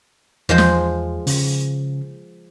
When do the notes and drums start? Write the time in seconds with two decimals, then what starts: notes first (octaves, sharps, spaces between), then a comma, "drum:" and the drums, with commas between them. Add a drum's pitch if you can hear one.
0.49 E2 F3 G#3 C5
0.58 drum: snare
1.27 C#3, drum: open hi-hat